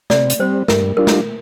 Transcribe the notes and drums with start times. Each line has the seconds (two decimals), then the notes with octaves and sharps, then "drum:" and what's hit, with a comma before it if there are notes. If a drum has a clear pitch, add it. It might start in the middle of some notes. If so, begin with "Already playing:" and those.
0.10 C3 D5, drum: snare
0.30 drum: hi-hat
0.39 G3 C4 C5
0.68 G2 A#4, drum: snare
0.97 G3 D4 F4 A#4
1.07 drum: snare